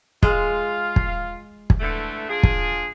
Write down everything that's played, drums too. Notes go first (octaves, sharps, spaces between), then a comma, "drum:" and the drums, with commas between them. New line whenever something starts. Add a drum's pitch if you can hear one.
G#3 F4 F5, drum: kick
drum: kick
drum: kick
D3 E3 A3
D4 F4 G#4
drum: kick